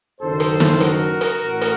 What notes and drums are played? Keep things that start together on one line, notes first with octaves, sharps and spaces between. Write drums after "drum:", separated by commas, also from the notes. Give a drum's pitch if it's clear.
F#1 F#2 D#3 A4 C5
drum: hi-hat
drum: snare
F#4 A#4, drum: hi-hat
drum: hi-hat
A1 A2 A3
drum: hi-hat